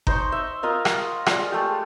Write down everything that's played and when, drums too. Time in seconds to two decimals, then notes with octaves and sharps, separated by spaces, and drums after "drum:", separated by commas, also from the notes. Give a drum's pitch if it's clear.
0.07 D#4 C5 C6 C#6, drum: kick G1
0.32 E5
0.63 F4 A#4 D#5 F5
0.85 drum: rim click
1.26 F4 G#4 D5, drum: rim click
1.52 G#3 A3 G4